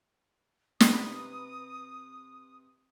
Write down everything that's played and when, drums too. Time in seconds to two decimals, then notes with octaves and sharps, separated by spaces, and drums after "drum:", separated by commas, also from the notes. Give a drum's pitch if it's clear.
0.80 C3 A#4 B4 D#6, drum: snare